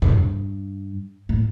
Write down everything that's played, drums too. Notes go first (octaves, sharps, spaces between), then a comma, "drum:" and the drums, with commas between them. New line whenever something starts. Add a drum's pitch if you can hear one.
G2, drum: tom
A2